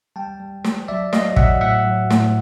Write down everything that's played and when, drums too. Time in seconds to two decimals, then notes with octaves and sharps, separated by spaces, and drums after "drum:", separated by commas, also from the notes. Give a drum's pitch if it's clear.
0.16 G3 G5 A5
0.40 G3
0.64 G3, drum: snare
0.88 F#3 D5 E5
1.13 F#3 D#5 F5, drum: snare
1.36 F#3 E5 F#5, drum: kick
1.61 A2 E5 F#5
1.85 F#3
2.10 A2, drum: snare